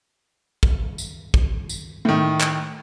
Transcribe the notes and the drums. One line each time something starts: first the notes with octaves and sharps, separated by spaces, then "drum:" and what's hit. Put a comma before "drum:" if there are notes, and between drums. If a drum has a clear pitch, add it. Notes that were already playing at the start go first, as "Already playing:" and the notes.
drum: kick
drum: tambourine
drum: kick
drum: tambourine
A2 D#3
drum: clap